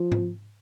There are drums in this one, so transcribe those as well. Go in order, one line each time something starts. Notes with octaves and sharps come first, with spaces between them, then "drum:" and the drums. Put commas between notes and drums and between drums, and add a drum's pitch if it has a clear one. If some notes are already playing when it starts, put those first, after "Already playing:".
Already playing: F3
drum: tom G#2